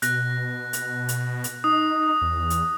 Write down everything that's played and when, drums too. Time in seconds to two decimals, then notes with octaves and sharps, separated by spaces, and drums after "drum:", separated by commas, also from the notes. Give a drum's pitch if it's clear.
0.02 B2 F#6 A#6, drum: hi-hat
0.73 drum: hi-hat
1.09 drum: hi-hat
1.44 drum: hi-hat
1.64 D#4 D#6
2.22 E2
2.50 drum: hi-hat